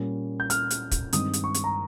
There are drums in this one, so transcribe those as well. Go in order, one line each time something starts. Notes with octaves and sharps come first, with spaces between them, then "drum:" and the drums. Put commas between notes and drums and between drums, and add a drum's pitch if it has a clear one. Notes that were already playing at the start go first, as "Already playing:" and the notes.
Already playing: A#2 G3 A#3 C#4
G6
F6, drum: hi-hat
drum: hi-hat
drum: kick, hi-hat
G2 D#3 G#3 C4 D#6, drum: hi-hat
drum: hi-hat
C#6
drum: hi-hat
A#5